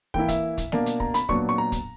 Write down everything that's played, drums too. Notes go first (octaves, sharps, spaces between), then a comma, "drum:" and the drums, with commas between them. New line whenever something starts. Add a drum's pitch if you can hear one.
E3 A#3 E4 G5, drum: kick
E5, drum: kick, hi-hat
drum: kick, hi-hat
B2 A#3 D4, drum: snare
drum: hi-hat
A#5, drum: kick
B5, drum: hi-hat
A#2 F#3 B3 D4 C#6, drum: kick
C#6
A#5
drum: kick, hi-hat